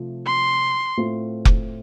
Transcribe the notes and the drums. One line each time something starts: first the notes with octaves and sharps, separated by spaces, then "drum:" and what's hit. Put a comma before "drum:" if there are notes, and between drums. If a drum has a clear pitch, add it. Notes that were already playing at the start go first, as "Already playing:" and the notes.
Already playing: C3 F3 A3 F4
C6
A2 A3 C4 F4
drum: kick F1